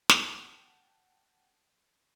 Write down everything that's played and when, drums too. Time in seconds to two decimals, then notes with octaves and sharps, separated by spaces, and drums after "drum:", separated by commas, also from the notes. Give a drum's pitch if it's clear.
0.09 F#5 G5 A5, drum: snare